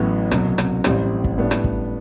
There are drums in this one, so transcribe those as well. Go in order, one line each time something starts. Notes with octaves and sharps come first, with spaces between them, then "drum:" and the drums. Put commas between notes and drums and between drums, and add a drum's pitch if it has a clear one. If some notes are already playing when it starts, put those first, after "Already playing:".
Already playing: A1 A2 F#3 B3
C2 B2 F#3, drum: rim click
drum: rim click
A1 A2 G3 C4, drum: rim click
drum: kick
A2 G3 B3 D4
drum: rim click
drum: kick